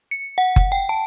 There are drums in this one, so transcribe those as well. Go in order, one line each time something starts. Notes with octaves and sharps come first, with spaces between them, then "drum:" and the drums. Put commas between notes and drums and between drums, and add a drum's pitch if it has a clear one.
C#7
F#5
drum: kick F#1
G5
A5